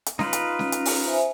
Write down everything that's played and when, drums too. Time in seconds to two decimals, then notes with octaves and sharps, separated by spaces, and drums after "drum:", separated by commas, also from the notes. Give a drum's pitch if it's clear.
0.06 drum: hi-hat
0.19 D#4 F4 B4, drum: snare C#4
0.33 drum: hi-hat
0.59 C#4, drum: snare C#4
0.72 drum: hi-hat
0.85 drum: open hi-hat
1.06 C5 E5 G#5